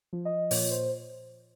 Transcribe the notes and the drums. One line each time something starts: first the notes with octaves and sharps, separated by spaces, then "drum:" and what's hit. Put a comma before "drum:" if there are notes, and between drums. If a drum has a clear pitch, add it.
F3
D#5
A#2 C#5, drum: open hi-hat
C5